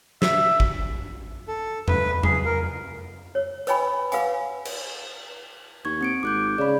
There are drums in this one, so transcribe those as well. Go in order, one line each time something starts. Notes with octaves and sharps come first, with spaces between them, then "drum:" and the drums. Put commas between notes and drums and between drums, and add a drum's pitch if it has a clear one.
E5, drum: snare
drum: kick A1
A4
B4, drum: tom E2
G#4, drum: tom E2
A#4
C#5
B4 C#5 D#5 G5 G#5 B5, drum: hi-hat
B4 F5 F#5 G#5, drum: hi-hat
drum: cymbal
D#2 C#6 G#6
C4 C#7 D7
G#1 D6 F#6 G6
C#3 D5 B5